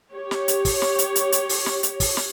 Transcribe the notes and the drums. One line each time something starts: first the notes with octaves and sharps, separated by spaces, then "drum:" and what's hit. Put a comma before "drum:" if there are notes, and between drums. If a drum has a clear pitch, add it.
G4 C#5
drum: snare
drum: hi-hat
drum: kick, open hi-hat
drum: snare
drum: hi-hat
drum: hi-hat
drum: hi-hat
drum: open hi-hat
drum: snare
drum: hi-hat
drum: kick, open hi-hat
drum: snare